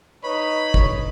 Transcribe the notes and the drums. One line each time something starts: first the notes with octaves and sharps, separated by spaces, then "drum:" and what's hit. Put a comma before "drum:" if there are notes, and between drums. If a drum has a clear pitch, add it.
D#4 B4 C#5 B5
drum: kick